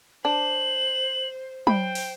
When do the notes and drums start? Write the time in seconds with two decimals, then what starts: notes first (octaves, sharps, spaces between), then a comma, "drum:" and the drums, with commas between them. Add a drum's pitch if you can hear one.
0.25 D4 C5 F#7
1.67 C5 G5 B5, drum: tom F#3
1.95 drum: open hi-hat